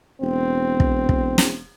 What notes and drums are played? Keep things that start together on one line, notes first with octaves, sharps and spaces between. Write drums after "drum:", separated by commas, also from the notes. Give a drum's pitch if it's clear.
E1 C4
drum: kick
drum: kick
drum: snare